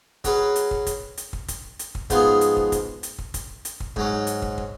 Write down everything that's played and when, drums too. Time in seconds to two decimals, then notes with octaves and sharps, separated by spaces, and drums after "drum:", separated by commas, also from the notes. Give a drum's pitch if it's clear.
0.24 F#3 C#4 G#4 B4, drum: kick, hi-hat
0.56 drum: hi-hat
0.71 drum: kick
0.87 drum: kick, hi-hat
1.17 drum: hi-hat
1.33 drum: kick
1.48 drum: kick, hi-hat
1.79 drum: hi-hat
1.95 drum: kick
2.10 G#2 F3 B3 F4 G#4, drum: kick, hi-hat
2.41 drum: hi-hat
2.57 drum: kick
2.72 drum: kick, hi-hat
3.03 drum: hi-hat
3.18 drum: kick
3.34 drum: kick, hi-hat
3.65 drum: hi-hat
3.80 drum: kick
3.96 G#2 F#3 C#4, drum: kick
4.27 drum: hi-hat
4.42 drum: kick
4.58 drum: kick